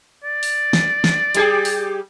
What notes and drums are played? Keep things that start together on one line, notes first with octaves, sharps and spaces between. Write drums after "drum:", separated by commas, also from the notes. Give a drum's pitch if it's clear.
D5
drum: open hi-hat
drum: snare
drum: snare
G3 G4 G#4, drum: hi-hat
drum: open hi-hat